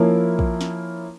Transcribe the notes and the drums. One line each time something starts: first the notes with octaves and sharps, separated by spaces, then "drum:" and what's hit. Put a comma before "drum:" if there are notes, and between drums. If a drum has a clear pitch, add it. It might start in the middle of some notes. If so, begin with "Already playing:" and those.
Already playing: F3 A#3 C#4 E4
drum: kick
drum: snare